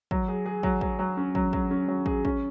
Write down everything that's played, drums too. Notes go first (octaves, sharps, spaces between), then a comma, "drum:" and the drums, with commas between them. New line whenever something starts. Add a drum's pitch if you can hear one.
F#3, drum: kick
G#4
G#4
F#3, drum: kick
F#3, drum: kick
F#3
C#4
F#3, drum: kick
F#3, drum: kick
C#4
F#3
G#4, drum: kick
C#4, drum: kick